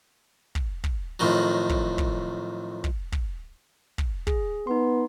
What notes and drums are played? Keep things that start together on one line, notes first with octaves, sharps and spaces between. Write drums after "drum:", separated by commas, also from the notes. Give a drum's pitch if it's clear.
drum: kick
drum: kick
F2 A2 D#3 F#3
drum: kick
drum: kick
drum: kick
drum: kick
drum: kick
G#4, drum: kick
B3 D#4 C6